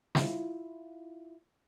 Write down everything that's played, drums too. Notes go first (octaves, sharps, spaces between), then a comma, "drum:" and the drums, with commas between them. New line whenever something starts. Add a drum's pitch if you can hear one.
E4 F4, drum: snare